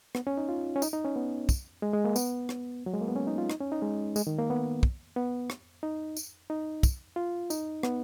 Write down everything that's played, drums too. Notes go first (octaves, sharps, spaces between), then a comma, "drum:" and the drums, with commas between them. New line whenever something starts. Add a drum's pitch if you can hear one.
B3, drum: rim click
C#4
D#4
F4
C#4
D#4, drum: tambourine
D#4
C#4
B3
drum: kick, tambourine
G#3
G#3
A#3
B3, drum: tambourine
drum: rim click
F#3
G#3
A#3
B3
C#4
D#4
F4
D#4, drum: rim click
C#4
D#4
G#3
G#3, drum: tambourine
D#3
A#3
B3
drum: kick
B3
drum: rim click
D#4
drum: tambourine
D#4
drum: kick, tambourine
F4
D#4, drum: tambourine
B3, drum: rim click